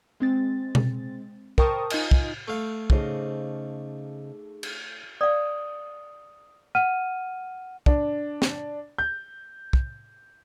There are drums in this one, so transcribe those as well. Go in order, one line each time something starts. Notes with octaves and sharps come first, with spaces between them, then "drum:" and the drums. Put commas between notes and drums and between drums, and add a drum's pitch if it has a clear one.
G#3 C4 A6
drum: tom B2
A#4 C5 G5 A5 C#6 D#6, drum: kick
D#4 F4 D#5 G#5, drum: cymbal
drum: kick
A3 F5
C#3 D#4 G#4 C5 D#5, drum: kick
drum: cymbal
D5 F5 D#6
F#5 F6 D#7
D4, drum: kick
drum: snare
G6
drum: kick